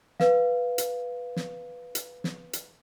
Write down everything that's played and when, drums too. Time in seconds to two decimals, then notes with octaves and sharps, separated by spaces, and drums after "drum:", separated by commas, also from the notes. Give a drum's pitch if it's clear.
0.20 B4 F5, drum: snare
0.78 drum: hi-hat
1.36 drum: snare
1.95 drum: hi-hat
2.24 drum: snare
2.53 drum: hi-hat